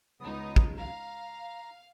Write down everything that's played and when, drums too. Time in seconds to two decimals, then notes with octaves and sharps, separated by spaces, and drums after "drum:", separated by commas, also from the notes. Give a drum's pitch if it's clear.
0.20 C#2 B3 D#4 D#6
0.56 drum: kick
0.77 F5 A#5